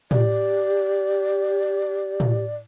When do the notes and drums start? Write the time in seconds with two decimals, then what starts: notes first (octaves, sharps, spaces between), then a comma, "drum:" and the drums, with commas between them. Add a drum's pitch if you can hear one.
0.11 G4 D5, drum: tom A2
2.20 drum: tom A2